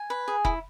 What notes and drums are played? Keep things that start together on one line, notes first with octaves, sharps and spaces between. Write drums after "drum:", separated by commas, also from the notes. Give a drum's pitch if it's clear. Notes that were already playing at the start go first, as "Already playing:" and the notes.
Already playing: G#5
B4
G#4
E4, drum: kick F1